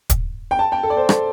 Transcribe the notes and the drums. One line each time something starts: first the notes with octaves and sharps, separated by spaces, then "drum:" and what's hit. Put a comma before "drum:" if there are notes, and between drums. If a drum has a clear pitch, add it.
drum: kick, hi-hat
G5
A5
G5
A4
D5
C5
A4, drum: rim click